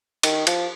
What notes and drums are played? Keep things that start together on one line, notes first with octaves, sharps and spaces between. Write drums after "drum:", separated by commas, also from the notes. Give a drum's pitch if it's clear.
D#3, drum: cymbal
F3, drum: cymbal